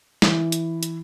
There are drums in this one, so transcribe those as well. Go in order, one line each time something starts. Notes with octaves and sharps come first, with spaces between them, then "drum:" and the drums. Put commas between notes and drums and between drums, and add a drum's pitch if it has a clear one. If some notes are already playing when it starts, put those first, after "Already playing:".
E3, drum: snare
drum: hi-hat
drum: hi-hat